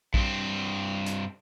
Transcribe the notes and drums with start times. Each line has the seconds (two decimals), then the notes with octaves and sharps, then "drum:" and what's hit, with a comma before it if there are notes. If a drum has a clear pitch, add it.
0.14 G2 C4, drum: kick A#1
1.06 drum: hi-hat